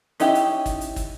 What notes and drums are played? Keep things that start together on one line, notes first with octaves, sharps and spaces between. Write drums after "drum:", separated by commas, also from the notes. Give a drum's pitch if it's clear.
C#4 D#4 E4 G4, drum: hi-hat
drum: hi-hat
drum: kick, hi-hat
drum: hi-hat
drum: kick, hi-hat